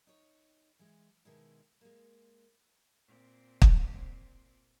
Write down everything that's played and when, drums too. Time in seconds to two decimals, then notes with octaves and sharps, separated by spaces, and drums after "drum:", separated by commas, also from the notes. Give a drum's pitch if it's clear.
0.07 D#4 C#5
0.79 E3 G#3
1.25 B2 D#3 G#3 E4
1.81 G#3 A#3
3.07 A#2 C4
3.62 drum: kick